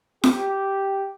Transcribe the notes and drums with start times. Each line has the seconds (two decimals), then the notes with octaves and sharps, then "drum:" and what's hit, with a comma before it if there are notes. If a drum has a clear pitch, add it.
0.24 G4, drum: snare F4